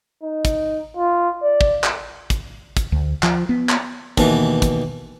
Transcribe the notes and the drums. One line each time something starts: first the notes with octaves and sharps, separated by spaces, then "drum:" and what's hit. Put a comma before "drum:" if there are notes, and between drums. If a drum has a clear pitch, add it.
D#4
drum: kick, hi-hat
F4
D5
drum: kick
drum: clap
drum: kick, hi-hat
drum: kick, hi-hat
D2
F3, drum: clap
B3
drum: clap
D#2 B2 E3, drum: kick, hi-hat
drum: kick, hi-hat